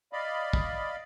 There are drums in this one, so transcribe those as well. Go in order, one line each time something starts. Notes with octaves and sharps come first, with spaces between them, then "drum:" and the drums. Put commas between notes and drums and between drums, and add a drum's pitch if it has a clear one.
D5 D#5 F5 B5
drum: kick